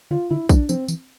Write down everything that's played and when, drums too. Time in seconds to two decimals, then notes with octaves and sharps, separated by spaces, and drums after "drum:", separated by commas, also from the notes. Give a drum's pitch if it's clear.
0.11 D3 F4
0.30 D3 E4
0.49 F3 D4, drum: kick A#1, tambourine
0.69 F3 C4, drum: tambourine
0.88 E3, drum: tambourine